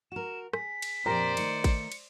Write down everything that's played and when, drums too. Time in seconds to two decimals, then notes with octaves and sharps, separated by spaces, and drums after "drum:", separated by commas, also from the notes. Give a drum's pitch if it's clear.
0.12 F#4 A#4 E7
0.53 G#4 B6, drum: rim click
0.82 drum: cymbal
1.06 F2 A#2 G4 A#4 C5 D5
1.37 D#3 A3 D#4 C#7, drum: cymbal
1.64 drum: kick, cymbal
1.92 drum: cymbal